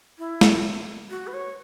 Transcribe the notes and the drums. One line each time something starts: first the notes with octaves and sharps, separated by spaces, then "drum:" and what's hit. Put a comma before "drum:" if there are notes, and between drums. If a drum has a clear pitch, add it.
E4
drum: snare
F#4
B4
C#5